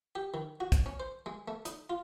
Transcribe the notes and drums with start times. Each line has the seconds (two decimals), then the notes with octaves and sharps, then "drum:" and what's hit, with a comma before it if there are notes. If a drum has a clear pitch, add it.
0.15 G4
0.34 D#3
0.60 F#4
0.72 drum: kick, hi-hat
0.86 C#4
1.00 C5
1.26 G#3
1.48 A3
1.65 D#4, drum: hi-hat
1.90 F4